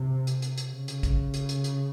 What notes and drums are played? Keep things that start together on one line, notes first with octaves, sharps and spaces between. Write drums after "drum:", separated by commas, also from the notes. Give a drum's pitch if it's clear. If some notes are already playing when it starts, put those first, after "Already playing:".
Already playing: C3
drum: hi-hat
drum: hi-hat
drum: hi-hat
C#3
drum: hi-hat
drum: kick, hi-hat
drum: hi-hat
drum: hi-hat
drum: hi-hat